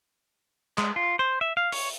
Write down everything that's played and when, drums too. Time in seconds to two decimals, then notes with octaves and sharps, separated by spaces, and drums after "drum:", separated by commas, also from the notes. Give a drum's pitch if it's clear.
0.78 G#3, drum: clap
0.96 F4
1.19 C5
1.41 E5
1.57 F5
1.72 C#5, drum: open hi-hat